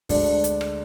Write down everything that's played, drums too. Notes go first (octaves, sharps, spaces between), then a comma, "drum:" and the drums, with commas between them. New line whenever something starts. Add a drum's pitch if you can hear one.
D2 D3 G#3 D4, drum: kick, open hi-hat
drum: hi-hat
drum: rim click